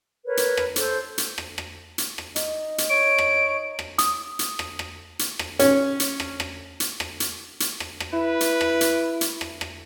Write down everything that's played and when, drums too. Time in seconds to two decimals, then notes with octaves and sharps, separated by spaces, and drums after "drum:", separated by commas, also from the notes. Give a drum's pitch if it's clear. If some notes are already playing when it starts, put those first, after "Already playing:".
0.24 A#4 B4 C#5
0.37 drum: hi-hat
0.57 drum: rim click
0.76 A4 C5, drum: hi-hat
1.18 drum: hi-hat
1.38 drum: rim click
1.58 drum: rim click
1.98 drum: hi-hat
2.18 drum: rim click
2.36 D#4, drum: hi-hat
2.78 drum: hi-hat
2.89 C#5 D7
3.18 drum: rim click
3.79 drum: rim click
3.98 D#6, drum: hi-hat
4.39 drum: hi-hat
4.59 drum: rim click
4.79 drum: rim click
5.19 drum: hi-hat
5.39 drum: rim click
5.59 C#4, drum: hi-hat
6.00 drum: hi-hat
6.20 drum: rim click
6.40 drum: rim click
6.80 drum: hi-hat
7.00 drum: rim click
7.20 drum: hi-hat
7.60 drum: hi-hat
7.80 drum: rim click
8.00 drum: rim click
8.13 E4 B4
8.41 drum: hi-hat
8.61 drum: rim click
8.81 drum: hi-hat
9.21 drum: hi-hat
9.41 drum: rim click
9.61 drum: rim click